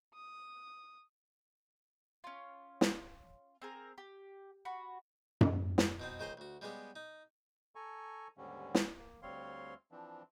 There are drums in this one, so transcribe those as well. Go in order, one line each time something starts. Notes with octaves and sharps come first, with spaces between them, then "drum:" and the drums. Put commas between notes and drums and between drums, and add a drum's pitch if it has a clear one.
D#6
C#4 F4
drum: snare
C4 G#4 A#4
G4
F#4 B5
drum: tom F#2
drum: snare
B2 C4 D#4
C#2 D#3 C5 G#5 A#5 C6
D2 F#4
G3 G#3 B3 C#4 G4
D#4
A4 G#5 A#5 C#6
D#2 G#2 D3 G3 C#4
drum: snare
A#3
D2 G3 C4 C#5 F5 C6
E3 F3 C4 D4